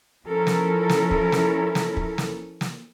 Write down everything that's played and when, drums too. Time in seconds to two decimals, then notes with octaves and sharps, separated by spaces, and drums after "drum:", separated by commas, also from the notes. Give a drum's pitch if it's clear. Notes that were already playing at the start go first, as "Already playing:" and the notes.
0.25 F3 C#4 E4 A4 A#4
0.47 drum: snare
0.90 drum: snare
1.11 drum: kick
1.32 drum: snare
1.75 drum: snare
1.97 drum: kick
2.18 drum: snare
2.61 drum: snare